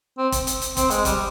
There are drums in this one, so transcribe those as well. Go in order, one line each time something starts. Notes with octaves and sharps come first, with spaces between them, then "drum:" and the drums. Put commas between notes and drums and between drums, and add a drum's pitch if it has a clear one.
C4
drum: kick, hi-hat
drum: hi-hat
drum: hi-hat
C4, drum: kick, hi-hat
G#3, drum: hi-hat
G3, drum: kick, hi-hat